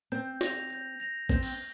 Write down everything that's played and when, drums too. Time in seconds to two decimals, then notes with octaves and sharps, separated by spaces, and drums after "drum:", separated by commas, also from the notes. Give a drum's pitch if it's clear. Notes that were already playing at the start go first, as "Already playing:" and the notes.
0.12 C4 G6
0.41 A#6 F7, drum: snare
0.70 G6
1.00 A#6 F7
1.29 C4 G6, drum: kick A1
1.43 drum: cymbal